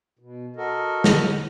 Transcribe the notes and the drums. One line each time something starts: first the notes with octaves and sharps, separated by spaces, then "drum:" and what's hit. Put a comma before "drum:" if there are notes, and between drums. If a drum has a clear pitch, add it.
B2
F#4 A4 A#4 D#5
drum: snare